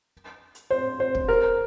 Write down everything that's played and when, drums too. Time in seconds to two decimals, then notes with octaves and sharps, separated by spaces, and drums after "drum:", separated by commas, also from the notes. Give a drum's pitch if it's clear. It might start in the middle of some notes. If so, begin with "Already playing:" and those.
0.55 drum: hi-hat
0.70 C5
1.00 C5
1.15 drum: kick
1.28 A#4